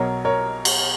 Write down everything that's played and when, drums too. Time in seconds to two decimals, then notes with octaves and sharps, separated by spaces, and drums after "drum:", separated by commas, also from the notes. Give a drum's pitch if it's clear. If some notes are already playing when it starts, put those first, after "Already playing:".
Already playing: B1 B2 F#3 A#4 C#5
0.25 A#4 C#5
0.65 drum: cymbal